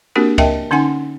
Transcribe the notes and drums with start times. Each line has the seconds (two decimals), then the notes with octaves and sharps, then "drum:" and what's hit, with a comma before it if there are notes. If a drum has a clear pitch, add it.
0.16 A#3 C4 D4 F#4 G4 A#4
0.38 A#4 D#5 E5 G5 A5, drum: kick C#2, cymbal
0.71 D3 C#4 D#4 F#5 G#5